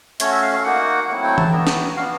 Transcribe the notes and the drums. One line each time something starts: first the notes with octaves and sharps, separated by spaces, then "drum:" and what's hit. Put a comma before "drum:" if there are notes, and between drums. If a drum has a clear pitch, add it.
A3 C#4 F#4 C#5, drum: hi-hat
E5
F5
F5
A#3 D#4 F#4 F#5
F#3 A3 C4 E4 F#5
G5
A5, drum: tom E3
B3 D4 F#4 A#5
drum: snare
B3 D4 F#4 F5